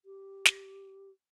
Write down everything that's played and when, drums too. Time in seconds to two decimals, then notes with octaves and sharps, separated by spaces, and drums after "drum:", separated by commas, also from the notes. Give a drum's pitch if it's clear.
0.05 G4
0.45 drum: snare